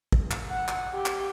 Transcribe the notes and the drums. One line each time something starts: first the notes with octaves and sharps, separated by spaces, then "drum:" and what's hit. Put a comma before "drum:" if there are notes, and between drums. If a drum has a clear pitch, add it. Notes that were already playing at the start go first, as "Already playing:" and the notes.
drum: kick
drum: clap
F#5
drum: clap
G4
drum: clap